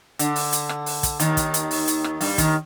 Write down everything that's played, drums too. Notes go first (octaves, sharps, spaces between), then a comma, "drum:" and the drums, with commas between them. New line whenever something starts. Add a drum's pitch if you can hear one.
D3, drum: hi-hat
drum: open hi-hat
drum: hi-hat
drum: rim click
drum: open hi-hat
drum: kick, hi-hat
D#2 D#3, drum: hi-hat
drum: kick, hi-hat
drum: hi-hat
drum: open hi-hat
drum: hi-hat
drum: rim click
G2 G3, drum: open hi-hat
D#2 D#3, drum: kick, hi-hat